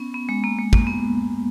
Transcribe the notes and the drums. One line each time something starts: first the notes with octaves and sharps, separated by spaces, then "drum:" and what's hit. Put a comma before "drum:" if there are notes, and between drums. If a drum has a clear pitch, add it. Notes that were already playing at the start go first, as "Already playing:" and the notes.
Already playing: B3 C#4
B3
G#3
A#3
G#3
A#3, drum: kick
B3